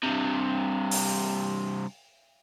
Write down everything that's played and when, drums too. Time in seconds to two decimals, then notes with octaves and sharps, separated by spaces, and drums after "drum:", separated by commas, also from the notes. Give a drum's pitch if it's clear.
0.03 G2 C3
0.91 drum: open hi-hat